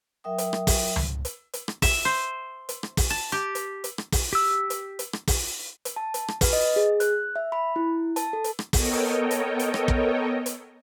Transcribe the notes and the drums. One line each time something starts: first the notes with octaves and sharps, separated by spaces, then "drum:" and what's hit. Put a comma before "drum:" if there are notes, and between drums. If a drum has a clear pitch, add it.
F#3 A#4 E5 G5 D#6
drum: hi-hat
drum: rim click
drum: kick, open hi-hat
drum: tom C#2
drum: hi-hat
drum: hi-hat
drum: rim click
E5, drum: kick, open hi-hat
C5
drum: hi-hat
drum: rim click
drum: kick, open hi-hat
A5
G4
drum: hi-hat
drum: hi-hat
drum: rim click
drum: kick, open hi-hat
G4 E6
drum: hi-hat
drum: hi-hat
drum: rim click
drum: kick, open hi-hat
drum: hi-hat
A5
drum: hi-hat
drum: rim click
B4, drum: kick, open hi-hat
D#5
G#4
F#6, drum: hi-hat
E5
B5
E4
A5, drum: hi-hat
A4
drum: hi-hat
drum: rim click
B3 A4 A#4 C#5 D#5 G5, drum: kick, open hi-hat
drum: hi-hat
drum: hi-hat
drum: rim click
drum: kick
drum: hi-hat